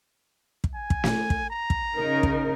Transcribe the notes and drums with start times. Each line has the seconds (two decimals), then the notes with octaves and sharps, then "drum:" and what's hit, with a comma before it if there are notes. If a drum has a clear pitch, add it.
0.64 drum: kick
0.75 G#5
0.90 drum: kick
1.04 drum: snare
1.30 drum: kick
1.50 A#5
1.70 drum: kick
1.97 C#3 D#4 A#4
2.23 drum: kick